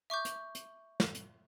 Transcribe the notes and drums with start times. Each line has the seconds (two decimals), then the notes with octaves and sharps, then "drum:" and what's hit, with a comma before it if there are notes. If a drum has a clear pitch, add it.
0.10 E5 C#6 D6 G6
0.25 drum: hi-hat
0.55 drum: hi-hat
1.00 drum: snare
1.15 drum: hi-hat